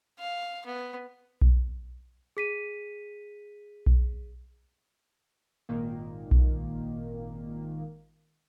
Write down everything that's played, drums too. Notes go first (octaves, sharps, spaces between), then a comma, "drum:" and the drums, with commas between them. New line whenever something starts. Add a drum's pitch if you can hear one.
F5
B3
drum: kick B1
G#4 B6 D#7
drum: kick B1
G#1 A#2 D#3 A#3
drum: kick B1